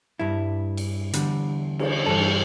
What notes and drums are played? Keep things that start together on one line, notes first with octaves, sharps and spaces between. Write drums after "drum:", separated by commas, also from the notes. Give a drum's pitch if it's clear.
G2 G3 E4
drum: cymbal
E2 D3 G3, drum: hi-hat
drum: cymbal
G2 E3 G3 A4